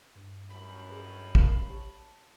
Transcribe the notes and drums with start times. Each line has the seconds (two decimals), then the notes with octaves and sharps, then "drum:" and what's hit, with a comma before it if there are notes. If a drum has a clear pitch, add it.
0.15 G2
0.50 A1 F#2 B5
0.89 G#4 B4
1.35 A#4 F5 G#5 A5, drum: kick
1.70 G4 C#5 A5